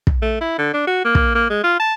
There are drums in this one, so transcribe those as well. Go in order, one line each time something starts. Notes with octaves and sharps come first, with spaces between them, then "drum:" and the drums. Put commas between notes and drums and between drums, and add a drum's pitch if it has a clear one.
drum: kick
A3
E4
D3
D4
F#4
A#3
drum: kick
A#3
G#3
F4
A5